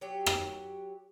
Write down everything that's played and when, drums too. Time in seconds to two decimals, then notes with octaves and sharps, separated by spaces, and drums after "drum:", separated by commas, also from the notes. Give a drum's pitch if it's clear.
0.01 F#3 G4
0.26 drum: rim click